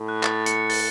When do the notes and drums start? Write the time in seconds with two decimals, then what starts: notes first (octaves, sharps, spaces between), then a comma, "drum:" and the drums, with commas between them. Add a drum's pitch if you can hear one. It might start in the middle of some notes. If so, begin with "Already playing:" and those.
Already playing: A2
0.09 F#6
0.23 A6, drum: clap
0.46 C#7, drum: hi-hat
0.69 A6, drum: open hi-hat